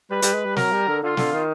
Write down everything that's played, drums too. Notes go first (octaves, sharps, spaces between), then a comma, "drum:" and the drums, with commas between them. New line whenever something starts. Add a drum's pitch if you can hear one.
G3 B4
G3, drum: hi-hat
G#3
G3
F#3 A#4, drum: snare
G3
D3
D3 F4
D3, drum: snare
D#3